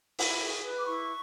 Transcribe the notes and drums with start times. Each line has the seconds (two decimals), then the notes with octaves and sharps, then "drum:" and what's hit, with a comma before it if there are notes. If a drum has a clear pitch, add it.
0.19 E4, drum: open hi-hat
0.41 G#4
0.64 B4
0.78 D6
0.86 E4 C#6